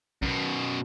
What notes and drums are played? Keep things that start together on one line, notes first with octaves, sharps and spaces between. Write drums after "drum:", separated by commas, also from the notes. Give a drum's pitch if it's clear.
F#2 B2, drum: kick